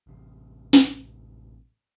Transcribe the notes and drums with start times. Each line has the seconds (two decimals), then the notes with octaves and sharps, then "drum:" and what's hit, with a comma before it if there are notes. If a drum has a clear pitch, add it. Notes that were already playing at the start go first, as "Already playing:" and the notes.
0.07 A1 C3
0.73 drum: snare